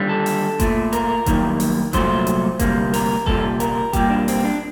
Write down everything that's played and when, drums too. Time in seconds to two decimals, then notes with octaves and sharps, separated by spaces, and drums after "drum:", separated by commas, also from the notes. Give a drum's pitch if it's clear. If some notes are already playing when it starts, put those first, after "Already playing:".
Already playing: D#2 D3 G3
0.09 A4
0.26 drum: open hi-hat
0.60 A#2 A3, drum: kick F#1, hi-hat
0.93 A#4, drum: hi-hat
1.26 F#2 D#3 G3 A#3, drum: kick F#1, hi-hat
1.60 drum: open hi-hat
1.93 C2 A#2 F#3 A3 C5, drum: kick F#1, hi-hat
2.27 drum: hi-hat
2.59 D2 C3 G3 A#3, drum: kick F#1, hi-hat
2.94 A#4, drum: open hi-hat
3.26 C2 A#2 G3 A4, drum: kick F#1
3.60 A#4, drum: hi-hat
3.93 A#2 G3 A#3 G4, drum: kick F#1, hi-hat
4.10 D4
4.28 C4, drum: open hi-hat
4.44 D4